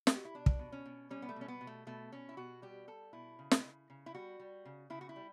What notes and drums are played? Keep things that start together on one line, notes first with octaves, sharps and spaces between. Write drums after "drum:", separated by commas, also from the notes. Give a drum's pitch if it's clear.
G4, drum: snare
F#4
E4
B2 D4
drum: kick
B2
C#4
B2
G3 C#4
B3
A3
B2 C#4
B3
B2
A3
B2 A3
B2 C#4
E4
B2 F#4
G3 G4
G3 A4
B2 E4
C#3
drum: snare
C#3
C#3
E4
G3 F#4
G3
C#3
C#3 E4
F#4
E4
G3